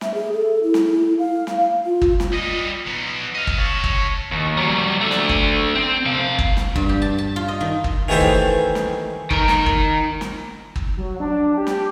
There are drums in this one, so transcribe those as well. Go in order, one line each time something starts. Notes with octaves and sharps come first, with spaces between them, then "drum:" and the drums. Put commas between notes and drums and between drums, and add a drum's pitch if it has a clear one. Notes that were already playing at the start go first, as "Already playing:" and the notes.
E5, drum: snare
G#4
A4
E4
drum: snare
E4
F5
drum: snare
F4
drum: kick
drum: snare
G3 D#5
F#3 B3
D#5 F5
drum: kick
C#5 A5
drum: kick
D#2
F#3 G3
A3 D4
drum: snare
drum: kick
C4
C3 F5
drum: kick
drum: snare
G2, drum: kick
G4
A5
A5
F4
D#5
D#3
drum: kick
D#3 E3 A3 G4 A4 C5
drum: kick
drum: snare
D#3 A#4, drum: kick
drum: snare
drum: kick
drum: snare
drum: kick
F#3
D4
G4
drum: snare